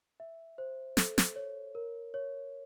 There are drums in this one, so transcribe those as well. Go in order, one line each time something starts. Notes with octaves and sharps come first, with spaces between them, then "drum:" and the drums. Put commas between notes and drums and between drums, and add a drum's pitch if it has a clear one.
E5
C5
A4, drum: snare
drum: snare
C#5
A#4
C#5